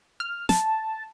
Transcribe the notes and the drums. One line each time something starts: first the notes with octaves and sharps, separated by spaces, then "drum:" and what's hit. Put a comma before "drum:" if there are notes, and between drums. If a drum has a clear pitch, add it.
F6
A5, drum: snare